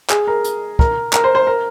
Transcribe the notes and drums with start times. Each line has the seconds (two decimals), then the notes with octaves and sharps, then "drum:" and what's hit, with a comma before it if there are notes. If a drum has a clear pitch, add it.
0.10 G#4, drum: clap
0.27 A#4
0.44 drum: hi-hat
0.79 A#4, drum: kick
1.13 A#4, drum: clap
1.24 C5
1.35 C5
1.47 A#4